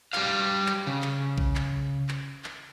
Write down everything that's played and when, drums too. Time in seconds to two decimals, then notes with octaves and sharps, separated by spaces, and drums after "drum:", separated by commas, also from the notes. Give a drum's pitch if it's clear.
0.13 G3 F5, drum: clap
0.67 drum: clap
0.87 C#3
1.02 drum: clap
1.38 drum: kick A#1
1.55 drum: clap
2.09 drum: clap
2.44 drum: clap